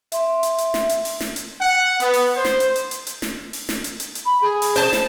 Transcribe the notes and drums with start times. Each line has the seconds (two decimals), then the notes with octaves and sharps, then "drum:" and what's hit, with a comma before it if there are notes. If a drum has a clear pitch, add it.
0.12 E5 C6, drum: hi-hat
0.43 drum: hi-hat
0.58 drum: hi-hat
0.74 drum: snare
0.89 drum: hi-hat
1.05 drum: open hi-hat
1.20 drum: snare
1.36 drum: hi-hat
1.59 F#5
2.00 B3, drum: hi-hat
2.14 drum: open hi-hat
2.35 C5
2.45 drum: snare
2.60 drum: hi-hat
2.76 drum: hi-hat
2.91 drum: hi-hat
3.07 drum: hi-hat
3.22 drum: snare
3.53 drum: open hi-hat
3.69 drum: snare
3.84 drum: hi-hat
4.00 drum: hi-hat
4.15 drum: hi-hat
4.25 B5
4.42 G#4
4.62 drum: open hi-hat
4.76 C5 A5, drum: open hi-hat
4.93 drum: snare